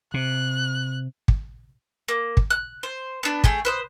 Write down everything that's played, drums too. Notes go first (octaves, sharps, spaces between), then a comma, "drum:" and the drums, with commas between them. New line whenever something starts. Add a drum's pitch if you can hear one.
C3 F#6
drum: kick
A#3
drum: kick
F#6
C5
B3 D4
A3 G#4 G5, drum: kick
B4 C5 D#6